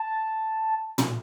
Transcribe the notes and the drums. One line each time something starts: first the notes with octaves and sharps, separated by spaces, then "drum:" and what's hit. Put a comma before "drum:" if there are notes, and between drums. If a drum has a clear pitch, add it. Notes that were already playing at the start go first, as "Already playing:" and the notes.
Already playing: A5
drum: tom